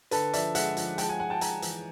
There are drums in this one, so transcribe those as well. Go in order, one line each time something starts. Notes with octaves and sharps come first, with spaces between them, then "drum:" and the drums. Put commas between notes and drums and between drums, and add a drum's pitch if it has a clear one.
D3 A4 B4, drum: hi-hat
F3 D5 E5, drum: hi-hat
G#3 E5 F#5, drum: hi-hat
F3, drum: hi-hat
G#3 G5 A5, drum: hi-hat
F#5 G#5
G#3 F#5 G#5
G5 A5
G#3 G#5 A#5, drum: hi-hat
E3, drum: hi-hat